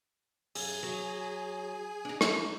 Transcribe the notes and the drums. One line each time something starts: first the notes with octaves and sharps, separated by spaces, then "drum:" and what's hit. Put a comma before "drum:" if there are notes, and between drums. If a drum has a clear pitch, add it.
F#2 G#4 G#5, drum: open hi-hat
F#3
D4 D#4
drum: rim click